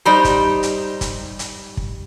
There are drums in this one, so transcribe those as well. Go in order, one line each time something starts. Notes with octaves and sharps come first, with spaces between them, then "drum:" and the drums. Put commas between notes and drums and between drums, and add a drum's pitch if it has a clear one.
G3 D#4 G4 C5
drum: kick, hi-hat
drum: hi-hat
drum: kick, hi-hat
drum: hi-hat
drum: kick